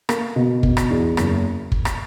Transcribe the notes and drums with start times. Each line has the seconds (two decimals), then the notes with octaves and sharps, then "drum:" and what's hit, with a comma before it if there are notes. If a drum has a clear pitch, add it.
0.09 A#3, drum: rim click
0.36 B2
0.63 B2, drum: kick
0.77 drum: rim click
0.90 E2
1.17 F#1, drum: rim click
1.72 drum: kick
1.85 drum: rim click